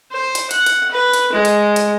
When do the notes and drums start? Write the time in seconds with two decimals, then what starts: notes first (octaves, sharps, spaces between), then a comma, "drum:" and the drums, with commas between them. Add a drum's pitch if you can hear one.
0.12 C5
0.35 drum: hi-hat
0.51 F#5, drum: hi-hat
0.66 drum: hi-hat
0.91 B4
1.13 drum: hi-hat
1.33 G#3
1.45 drum: hi-hat
1.76 drum: hi-hat